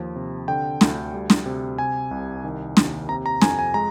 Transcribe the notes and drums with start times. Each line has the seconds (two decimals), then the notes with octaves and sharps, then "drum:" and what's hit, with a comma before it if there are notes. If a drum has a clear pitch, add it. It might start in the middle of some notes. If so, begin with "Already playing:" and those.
Already playing: D#2 F3
0.16 C3
0.48 D3 G5
0.81 D2, drum: snare
1.14 G3
1.30 drum: snare
1.46 C3
1.78 C3 G#5
2.11 C2
2.44 D#3
2.77 D#2, drum: snare
3.09 C3 A#5
3.26 A#5
3.41 F2 G#5, drum: snare
3.59 G#5
3.74 G#3 A#5